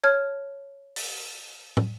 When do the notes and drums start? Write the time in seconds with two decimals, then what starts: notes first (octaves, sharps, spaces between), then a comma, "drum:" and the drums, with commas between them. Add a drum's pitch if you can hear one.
0.04 C#5 A5 F6 G#6
0.96 drum: open hi-hat
1.77 drum: tom